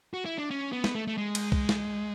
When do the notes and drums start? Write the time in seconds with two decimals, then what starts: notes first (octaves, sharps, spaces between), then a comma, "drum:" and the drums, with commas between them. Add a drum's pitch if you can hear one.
0.14 F#4
0.26 E4
0.38 D4
0.51 C#4
0.72 B3
0.84 drum: snare
0.95 A3
1.07 A3
1.18 G#3
1.35 drum: cymbal
1.52 drum: kick
1.69 drum: snare